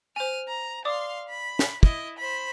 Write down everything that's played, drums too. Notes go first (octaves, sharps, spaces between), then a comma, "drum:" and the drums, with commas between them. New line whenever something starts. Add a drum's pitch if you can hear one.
C5 G#5 F6 D#7
A#5
D5 F5 C6 D6 D#6
B5
drum: snare
E4 D#5, drum: kick
C5 B5